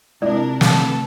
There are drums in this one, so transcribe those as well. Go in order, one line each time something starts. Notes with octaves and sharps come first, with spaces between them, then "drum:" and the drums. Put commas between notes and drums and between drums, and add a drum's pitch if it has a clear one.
C3 G#3 D4 E4 F4 A#4 D5
A4 B4, drum: snare